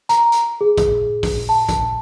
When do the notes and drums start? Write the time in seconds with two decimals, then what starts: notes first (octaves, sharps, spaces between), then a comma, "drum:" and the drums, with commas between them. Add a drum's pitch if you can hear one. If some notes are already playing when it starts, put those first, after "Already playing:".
0.09 A#5, drum: hi-hat
0.32 drum: hi-hat
0.61 G#4
0.78 drum: kick, hi-hat
1.23 drum: kick, open hi-hat
1.49 A5
1.69 drum: kick, hi-hat